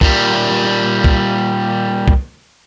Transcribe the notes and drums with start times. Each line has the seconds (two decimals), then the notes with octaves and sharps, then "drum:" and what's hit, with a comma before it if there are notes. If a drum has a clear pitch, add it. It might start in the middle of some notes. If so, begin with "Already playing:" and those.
0.01 A#2 G3, drum: kick C2
1.04 drum: kick C2
2.08 drum: kick C2